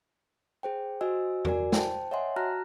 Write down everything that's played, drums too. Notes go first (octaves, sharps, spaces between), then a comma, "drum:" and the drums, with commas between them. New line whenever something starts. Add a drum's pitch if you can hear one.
G#4 C5 G5
F#4 C5 D#5 G#5 E6
F#4 A#4 D5 G#5, drum: tom E2
C5 G5 A5, drum: snare
C#5 D#5 E5 F#5 G#5 C6
F#4 A5 A#5 F6 F#6 A#6